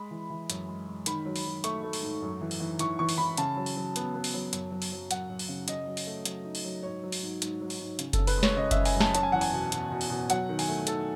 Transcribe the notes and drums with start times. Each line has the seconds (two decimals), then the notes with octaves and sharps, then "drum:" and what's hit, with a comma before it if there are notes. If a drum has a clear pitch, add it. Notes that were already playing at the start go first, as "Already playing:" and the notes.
Already playing: G#3 B5
0.11 E3
0.30 E3
0.50 F#2, drum: hi-hat
0.68 G#3
0.88 G#3
1.06 D#3 B5, drum: hi-hat
1.26 F#3
1.36 drum: open hi-hat
1.46 F#3
1.64 A3 C#6, drum: hi-hat
1.83 A3
1.93 drum: open hi-hat
2.03 G#2
2.22 F#2
2.41 E3
2.51 drum: open hi-hat
2.60 E3
2.79 E3 C#6, drum: hi-hat
2.99 E3 C#6
3.09 drum: open hi-hat
3.18 E3 B5
3.37 C#3 A5, drum: hi-hat
3.57 F#3
3.66 drum: open hi-hat
3.77 F#3
3.96 B3, drum: hi-hat
4.14 B3
4.24 drum: open hi-hat
4.34 F#3
4.53 F#2, drum: hi-hat
4.71 F#3
4.82 drum: open hi-hat
4.92 F#3
5.11 F#2 F#5, drum: hi-hat
5.30 F#2
5.39 drum: open hi-hat
5.48 C#3
5.68 C#3 D#5, drum: hi-hat
5.87 F#3
5.97 drum: open hi-hat
6.07 A3
6.25 F#3, drum: hi-hat
6.45 D#4
6.55 drum: open hi-hat
6.64 F#3
6.83 G#2 C#5
7.03 F#3
7.12 drum: open hi-hat
7.23 G#2
7.42 G#2, drum: hi-hat
7.61 F#3
7.70 drum: open hi-hat
7.80 G#2
7.99 C#3, drum: hi-hat
8.13 A4, drum: kick F#1, hi-hat
8.19 C#3
8.27 B4, drum: open hi-hat
8.37 G#3
8.43 C#5, drum: snare
8.56 C#3 D#5
8.71 C#3 E5, drum: kick F#1, hi-hat
8.85 G#5, drum: open hi-hat
8.94 F#2
9.00 A5, drum: snare
9.15 C#4 A5, drum: hi-hat
9.23 G#5
9.32 E2 F#5
9.41 G#5, drum: open hi-hat
9.53 B2
9.72 B2, drum: hi-hat
9.91 B2
10.01 drum: open hi-hat
10.10 B2
10.30 F#3 F#5, drum: hi-hat
10.49 D#3
10.59 G#5, drum: open hi-hat
10.69 A3
10.87 D#3 A4, drum: hi-hat